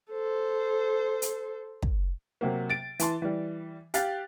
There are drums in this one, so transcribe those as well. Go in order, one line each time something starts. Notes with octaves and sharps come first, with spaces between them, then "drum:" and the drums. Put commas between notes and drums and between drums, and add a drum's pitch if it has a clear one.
A4 C5
drum: hi-hat
drum: kick
C3 F#3 A#3
A6 D7
E3 A5 C6, drum: hi-hat
E3 G3
G4 F5 F#6 A6, drum: hi-hat